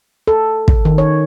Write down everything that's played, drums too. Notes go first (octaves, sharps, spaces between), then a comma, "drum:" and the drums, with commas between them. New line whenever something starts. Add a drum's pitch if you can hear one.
A4
drum: kick
D#3
C#5